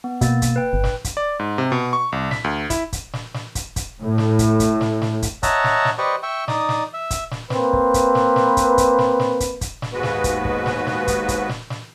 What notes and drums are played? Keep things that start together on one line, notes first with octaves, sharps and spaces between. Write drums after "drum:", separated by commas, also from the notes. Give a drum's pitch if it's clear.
B3
B2 A#3 A6, drum: kick, hi-hat
drum: kick, hi-hat
B4 G5
G1
drum: snare
drum: kick, hi-hat
D5
G#2
C3
B2
C#6
C2
B6, drum: snare
D2
E4, drum: kick, hi-hat
drum: kick, hi-hat
drum: snare
drum: snare
drum: kick, hi-hat
drum: kick, hi-hat
A2
drum: snare
drum: kick, hi-hat
drum: kick, hi-hat
drum: snare
drum: snare
drum: kick, hi-hat
C#5 D#5 E5 F#5 A5 A#5, drum: kick, hi-hat
drum: snare
drum: snare
G4 B4 C5 D5 D#5 C#6
E5 G5 C#6
D#4 D5 D#6, drum: snare
drum: snare
E5
drum: kick, hi-hat
drum: snare
A#3 C4 B4, drum: snare
drum: kick
drum: kick, hi-hat
drum: snare
drum: snare
drum: kick, hi-hat
drum: kick, hi-hat
drum: snare
drum: snare
drum: kick, hi-hat
drum: kick, hi-hat
drum: snare
D#2 G#2 G#3 B3 F#4 B4
drum: snare
drum: kick, hi-hat
drum: kick
drum: snare
drum: snare
drum: kick, hi-hat
drum: kick, hi-hat
drum: snare
drum: snare